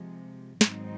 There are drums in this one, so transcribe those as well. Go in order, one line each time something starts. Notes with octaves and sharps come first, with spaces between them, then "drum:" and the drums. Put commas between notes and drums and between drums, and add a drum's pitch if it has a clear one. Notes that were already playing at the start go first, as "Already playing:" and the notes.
Already playing: C3 F3 G#3
G#2 D#3 F#3 C4 D#4, drum: snare